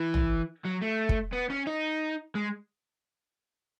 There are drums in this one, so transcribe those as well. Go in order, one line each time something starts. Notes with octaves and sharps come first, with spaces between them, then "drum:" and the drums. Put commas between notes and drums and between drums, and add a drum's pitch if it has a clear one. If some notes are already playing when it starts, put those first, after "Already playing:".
Already playing: E3
drum: tom A1
F#3
A3
drum: kick
B3
C#4
D#4
G#3